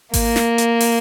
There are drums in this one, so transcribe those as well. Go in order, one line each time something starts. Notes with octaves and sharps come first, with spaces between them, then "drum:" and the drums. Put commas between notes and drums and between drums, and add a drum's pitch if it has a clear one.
A#3, drum: kick G#1, open hi-hat
drum: snare
drum: hi-hat
drum: open hi-hat